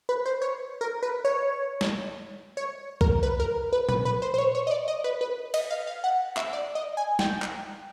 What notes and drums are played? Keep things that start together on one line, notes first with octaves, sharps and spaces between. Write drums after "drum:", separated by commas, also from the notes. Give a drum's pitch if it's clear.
B4
C5
C#5
A#4
B4
C#5
drum: snare
C#5
A#4, drum: kick C2
B4
A#4
B4
B4, drum: tom A#2
B4
C5
C5
C#5
C#5
D#5
D5
D#5
B4
B4
D#5, drum: cymbal
F5
F5
F#5
E5, drum: clap
D5
D#5
G#5
G5, drum: snare
drum: clap